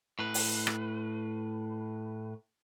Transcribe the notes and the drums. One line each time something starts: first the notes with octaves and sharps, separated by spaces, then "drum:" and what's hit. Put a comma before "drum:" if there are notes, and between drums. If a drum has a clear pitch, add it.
A2 B4
drum: open hi-hat
drum: rim click